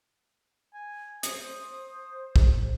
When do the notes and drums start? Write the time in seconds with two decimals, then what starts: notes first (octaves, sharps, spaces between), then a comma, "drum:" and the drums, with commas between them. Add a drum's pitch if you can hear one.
0.74 G#5
1.23 C5 D#6, drum: hi-hat
2.36 drum: kick